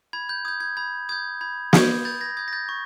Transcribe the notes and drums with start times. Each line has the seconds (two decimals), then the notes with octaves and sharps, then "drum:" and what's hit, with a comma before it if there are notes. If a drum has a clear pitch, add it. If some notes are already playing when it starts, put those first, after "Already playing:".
0.13 B5 G#6
0.29 G6
0.45 D#6 G6 G#6
0.60 G#6
0.77 B5 G#6
1.09 D#6 G6 G#6
1.41 B5 G#6
1.73 D#6 G6 G#6, drum: snare
2.05 B5 G6 A6
2.21 G#6 A#6
2.37 D#6 G6 G#6
2.48 A#6
2.53 G6 A6
2.69 C#6